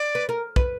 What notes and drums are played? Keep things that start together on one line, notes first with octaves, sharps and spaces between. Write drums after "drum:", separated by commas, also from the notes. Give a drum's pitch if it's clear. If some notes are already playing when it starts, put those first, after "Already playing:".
Already playing: D5
B4
A#4
B4, drum: kick